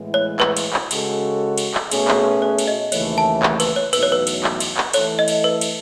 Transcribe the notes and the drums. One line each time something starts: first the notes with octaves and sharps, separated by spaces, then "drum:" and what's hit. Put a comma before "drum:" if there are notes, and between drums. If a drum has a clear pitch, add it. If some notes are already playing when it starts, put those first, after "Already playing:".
Already playing: A2 E3 G#3 B3 E4
C#5
B4, drum: clap
drum: cymbal
drum: clap
C#3 G#3 C#4 F#4 A4, drum: cymbal
drum: cymbal
drum: clap
B2 A3 C#4 G#4, drum: cymbal
drum: clap
C#5
drum: cymbal
D#5
D#2 C#3 E3 A3 C#5, drum: cymbal
A5
drum: clap
B4, drum: cymbal
C#5
E2 B2 F#3 A3 D#4 B4, drum: cymbal
C#5
B4
drum: cymbal
drum: clap
drum: cymbal
drum: clap
E3 A3 E4 A4 C#5, drum: cymbal
D#5
drum: cymbal
B4
drum: cymbal